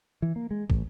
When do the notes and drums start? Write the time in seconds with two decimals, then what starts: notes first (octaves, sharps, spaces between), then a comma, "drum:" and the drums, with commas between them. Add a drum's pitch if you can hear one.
0.22 E3
0.36 A#3
0.51 G#3
0.70 A1, drum: kick